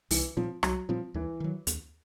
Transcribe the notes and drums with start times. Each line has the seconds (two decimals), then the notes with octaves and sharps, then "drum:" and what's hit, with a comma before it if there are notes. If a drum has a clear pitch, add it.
0.11 C2 E3, drum: open hi-hat
0.37 A#2 F3 G3 C4
0.63 C2 F#3, drum: rim click
0.89 A#2 F3 G3 C4
1.14 D#2 E3
1.40 D#3 F#3
1.67 D#2, drum: hi-hat